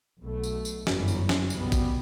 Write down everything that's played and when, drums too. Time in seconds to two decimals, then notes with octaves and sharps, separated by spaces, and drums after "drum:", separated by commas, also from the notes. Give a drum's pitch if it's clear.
0.22 B1 B2 A3
0.44 drum: tambourine
0.65 drum: tambourine
0.87 G1 F#2 E3, drum: snare
1.08 drum: tambourine
1.29 drum: snare
1.50 C2 B2 G3 B3, drum: tambourine
1.72 drum: kick, tambourine